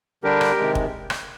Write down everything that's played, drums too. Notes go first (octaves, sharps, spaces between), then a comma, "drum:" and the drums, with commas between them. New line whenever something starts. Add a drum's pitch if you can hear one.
D3 G3 D4 G4 A#4
drum: rim click
C3 D#3 G#3
drum: kick
drum: rim click